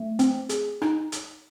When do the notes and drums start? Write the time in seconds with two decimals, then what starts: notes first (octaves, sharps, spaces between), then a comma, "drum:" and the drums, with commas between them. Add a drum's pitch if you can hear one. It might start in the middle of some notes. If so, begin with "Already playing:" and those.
Already playing: A3
0.19 C4, drum: hi-hat
0.49 G#4, drum: hi-hat
0.82 D#4, drum: rim click
1.12 drum: hi-hat